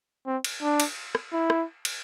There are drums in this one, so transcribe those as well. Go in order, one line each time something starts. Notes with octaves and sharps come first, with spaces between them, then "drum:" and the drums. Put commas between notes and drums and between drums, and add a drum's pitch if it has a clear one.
C4
drum: cymbal
D4
drum: cymbal
drum: rim click
E4
drum: rim click
drum: cymbal